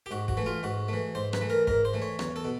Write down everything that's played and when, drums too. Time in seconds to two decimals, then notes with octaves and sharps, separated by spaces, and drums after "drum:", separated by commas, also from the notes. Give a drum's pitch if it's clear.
0.06 G4
0.11 G#2 F#4
0.28 F#4, drum: kick
0.37 E3 A3
0.46 F4
0.63 G#2 F#4
0.88 E3 A3
1.15 G#2 C5
1.33 B4, drum: rim click
1.41 E3 A3
1.50 A#4
1.67 G#2 A#4, drum: kick
1.85 C5
1.94 E3 A3
2.02 C#5
2.19 E2 C#5, drum: rim click
2.36 A4
2.45 B2